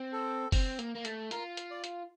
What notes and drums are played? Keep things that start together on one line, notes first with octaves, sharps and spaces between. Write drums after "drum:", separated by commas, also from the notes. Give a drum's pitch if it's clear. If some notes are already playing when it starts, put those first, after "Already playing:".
Already playing: C4
A4
C4, drum: kick, open hi-hat
A#3, drum: hi-hat
A#3
A3, drum: hi-hat
F4 A#4, drum: hi-hat
drum: hi-hat
D5
drum: hi-hat